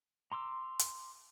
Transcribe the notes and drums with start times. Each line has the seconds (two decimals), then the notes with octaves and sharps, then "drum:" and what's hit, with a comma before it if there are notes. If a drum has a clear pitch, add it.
0.32 A#5 C6 D6 E6
0.79 drum: hi-hat